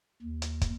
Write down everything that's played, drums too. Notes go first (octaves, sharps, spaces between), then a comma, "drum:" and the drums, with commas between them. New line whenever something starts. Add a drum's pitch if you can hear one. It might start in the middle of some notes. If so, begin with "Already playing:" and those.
D#2
drum: hi-hat
drum: kick, hi-hat